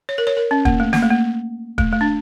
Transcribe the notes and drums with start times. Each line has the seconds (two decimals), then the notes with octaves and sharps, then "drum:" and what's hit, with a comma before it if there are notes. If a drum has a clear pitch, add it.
0.09 C#5
0.18 A#4
0.27 C#5
0.37 A#4
0.51 C#4
0.65 A#3, drum: kick
0.80 A3
0.93 A#3, drum: snare
1.03 A3
1.11 A#3
1.78 A3, drum: kick
1.93 A3
2.01 D4